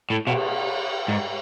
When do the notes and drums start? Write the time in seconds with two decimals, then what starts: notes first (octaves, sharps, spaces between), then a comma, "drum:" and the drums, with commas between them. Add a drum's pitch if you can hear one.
0.10 A2
0.27 B2, drum: cymbal
1.08 G#2